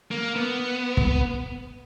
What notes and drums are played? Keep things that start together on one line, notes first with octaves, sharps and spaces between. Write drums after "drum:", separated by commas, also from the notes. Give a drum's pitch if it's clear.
A#3
B3
drum: kick